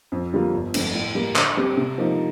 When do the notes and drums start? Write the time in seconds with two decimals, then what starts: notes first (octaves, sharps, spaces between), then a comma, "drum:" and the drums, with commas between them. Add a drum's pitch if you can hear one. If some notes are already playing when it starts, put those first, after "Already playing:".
0.12 F2
0.33 D3 G3 A#3 F4
0.53 G1
0.74 F2 D3 A3, drum: cymbal
0.94 A2
1.15 G3 A#3
1.36 D3, drum: clap
1.57 G3 C4 G4
1.77 C3
1.98 F3 A#3 D#4